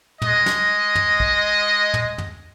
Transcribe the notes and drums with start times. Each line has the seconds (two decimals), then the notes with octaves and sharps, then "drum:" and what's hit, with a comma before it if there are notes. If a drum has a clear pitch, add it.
0.22 G#3 D#5, drum: tom
0.46 drum: snare
0.95 drum: tom
1.20 drum: kick
1.94 drum: tom
2.18 drum: tom